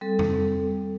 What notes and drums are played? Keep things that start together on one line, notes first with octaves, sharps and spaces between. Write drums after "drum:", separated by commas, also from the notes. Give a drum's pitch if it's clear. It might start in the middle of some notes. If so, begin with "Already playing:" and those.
G3 C4 A4
drum: tom F2